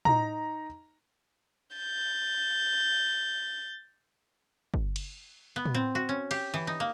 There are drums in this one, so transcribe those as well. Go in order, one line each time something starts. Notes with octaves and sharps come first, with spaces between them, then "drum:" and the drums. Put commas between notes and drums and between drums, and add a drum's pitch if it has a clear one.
D#4 A#5, drum: tom
G6 A6
drum: kick
drum: cymbal
B3
drum: tom
C4
F#4
C#4
G4, drum: cymbal
E3
D#4
A#3